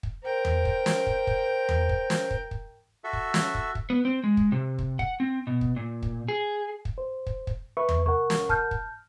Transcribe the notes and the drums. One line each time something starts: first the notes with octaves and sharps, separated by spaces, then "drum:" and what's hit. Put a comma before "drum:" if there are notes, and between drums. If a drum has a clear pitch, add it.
drum: kick
A#4 C5 G5
drum: tom E2
drum: kick
drum: snare
drum: kick
drum: kick
drum: tom E2
drum: kick
drum: snare
drum: kick
drum: kick
F#4 A4 E5
drum: kick
drum: snare
drum: kick
drum: kick
B3
C4
G#3
drum: kick
C3
drum: kick
F#5, drum: kick
C4
B2
drum: kick
A#2
drum: kick
G#4
drum: kick
C5
drum: kick
drum: kick
B4 E5 C#6
drum: tom E2
C2 A#4 F#5 C#6
drum: snare
A5 F6 G6, drum: kick
drum: kick